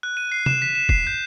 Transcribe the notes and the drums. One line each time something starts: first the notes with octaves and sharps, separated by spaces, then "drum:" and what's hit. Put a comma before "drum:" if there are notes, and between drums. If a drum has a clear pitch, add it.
F#6
D#7
C7
E7, drum: tom C3
B6
E7
C7, drum: kick
G6